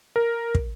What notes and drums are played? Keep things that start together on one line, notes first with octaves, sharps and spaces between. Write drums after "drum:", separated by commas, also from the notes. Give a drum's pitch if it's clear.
A#4
drum: kick